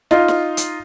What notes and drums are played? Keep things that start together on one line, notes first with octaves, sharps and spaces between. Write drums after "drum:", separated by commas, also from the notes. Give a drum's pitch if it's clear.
D#4 F4, drum: snare
drum: snare
drum: hi-hat